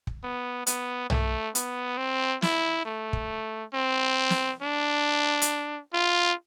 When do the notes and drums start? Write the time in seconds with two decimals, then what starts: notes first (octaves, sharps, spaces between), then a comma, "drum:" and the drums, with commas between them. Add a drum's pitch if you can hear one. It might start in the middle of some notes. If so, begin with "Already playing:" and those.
0.07 drum: kick
0.23 B3
0.67 B3, drum: hi-hat
1.10 A3, drum: tom B1
1.55 B3, drum: hi-hat
1.98 C4
2.42 E4, drum: snare
2.85 A3
3.13 drum: kick
3.74 C4
4.30 drum: snare
4.62 D4
5.42 drum: hi-hat
5.94 F4